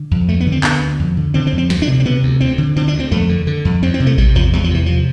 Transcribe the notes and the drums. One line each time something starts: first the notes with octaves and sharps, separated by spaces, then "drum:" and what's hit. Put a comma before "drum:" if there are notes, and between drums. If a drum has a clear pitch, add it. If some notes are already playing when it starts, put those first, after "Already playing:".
Already playing: D3
F2
D2 A3
B3
D3
C4
D3 B3, drum: clap
D2
F2
D3
D3 C4
C4
F2
C4
D2, drum: snare
D4
C3
C4
C3 B3
D2
D2 C4
D3
D3 C4
D4
D2
C4
F2 A3
D3
D3
F2
E2 C4
C4
C3
A3
C3 G3, drum: kick A1
E2 F3
E2 G3
F3
C3 E3
C3 F3